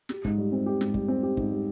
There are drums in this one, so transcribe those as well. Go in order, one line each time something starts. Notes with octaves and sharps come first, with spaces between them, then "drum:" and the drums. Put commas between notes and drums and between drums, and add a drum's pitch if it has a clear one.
G4, drum: snare
G#2, drum: kick
G3
C4
G4
G#2, drum: snare
G3, drum: kick
C4
G4
G#2, drum: kick
G3